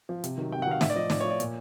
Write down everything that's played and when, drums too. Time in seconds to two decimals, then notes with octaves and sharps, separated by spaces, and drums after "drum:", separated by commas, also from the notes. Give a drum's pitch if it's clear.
0.09 F3
0.24 C3, drum: hi-hat
0.38 D#3 F#3
0.52 C3 G5
0.62 F#5
0.66 D#3 F#3 F5
0.81 A2 E5, drum: snare
0.90 D5
0.96 F3 D#5
1.10 A2 D5, drum: snare
1.20 F3 C#5
1.30 D5
1.40 A#2, drum: hi-hat